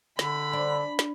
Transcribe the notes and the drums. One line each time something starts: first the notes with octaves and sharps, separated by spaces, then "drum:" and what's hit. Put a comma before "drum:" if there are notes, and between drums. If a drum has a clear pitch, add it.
D3 B5, drum: snare
D4
drum: snare